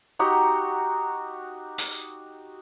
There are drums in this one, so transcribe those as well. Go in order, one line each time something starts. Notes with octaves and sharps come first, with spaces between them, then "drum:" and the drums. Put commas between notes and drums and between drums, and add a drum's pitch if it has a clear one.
D#4 F#4 G4
drum: open hi-hat